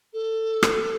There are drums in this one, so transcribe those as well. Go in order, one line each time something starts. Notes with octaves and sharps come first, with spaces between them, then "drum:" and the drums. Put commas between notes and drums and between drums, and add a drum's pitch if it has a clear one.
A4
drum: rim click